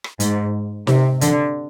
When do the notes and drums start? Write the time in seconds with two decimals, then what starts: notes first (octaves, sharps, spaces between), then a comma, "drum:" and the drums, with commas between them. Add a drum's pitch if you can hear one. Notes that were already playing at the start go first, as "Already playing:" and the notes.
0.04 drum: rim click
0.20 G#2, drum: hi-hat
0.87 C3, drum: snare D#4
1.21 D3, drum: hi-hat